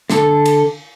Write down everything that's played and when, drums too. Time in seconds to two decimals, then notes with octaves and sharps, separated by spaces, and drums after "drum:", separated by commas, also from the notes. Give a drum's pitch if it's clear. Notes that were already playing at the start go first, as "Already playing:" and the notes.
0.10 D3 A4, drum: snare
0.46 drum: cymbal